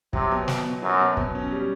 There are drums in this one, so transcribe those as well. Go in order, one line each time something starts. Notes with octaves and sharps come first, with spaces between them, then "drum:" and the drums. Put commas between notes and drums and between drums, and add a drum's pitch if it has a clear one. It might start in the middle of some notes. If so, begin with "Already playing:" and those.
C3 F#3, drum: kick
B2
B2, drum: snare
B2
F#2 F#3
B2
B2, drum: kick
C#4
G3